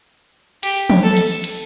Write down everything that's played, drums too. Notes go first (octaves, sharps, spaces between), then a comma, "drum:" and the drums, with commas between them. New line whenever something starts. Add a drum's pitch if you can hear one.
G4, drum: cymbal
drum: tom E3
A4
drum: cymbal
drum: cymbal